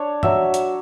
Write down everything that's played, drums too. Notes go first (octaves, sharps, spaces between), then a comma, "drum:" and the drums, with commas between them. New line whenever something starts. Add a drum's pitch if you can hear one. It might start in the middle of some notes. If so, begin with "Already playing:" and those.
Already playing: D4 C#5
F#3 E5, drum: tom
drum: hi-hat